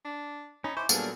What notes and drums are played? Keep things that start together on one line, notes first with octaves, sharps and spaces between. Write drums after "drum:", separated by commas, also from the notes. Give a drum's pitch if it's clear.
D4
C#4 D#4 G#5 B5
E4 C5 C#6 D6
A#2 F#3 G3 A#3 B3 D4 G#4 A4, drum: tambourine